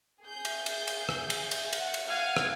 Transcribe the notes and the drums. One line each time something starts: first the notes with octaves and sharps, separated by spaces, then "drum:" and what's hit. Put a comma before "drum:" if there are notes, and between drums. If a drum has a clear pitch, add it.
G#4 G6
drum: cymbal
drum: cymbal
drum: cymbal
drum: rim click
drum: cymbal
drum: cymbal
F#5, drum: cymbal
drum: cymbal
F5 F#5 G#5 F6
drum: rim click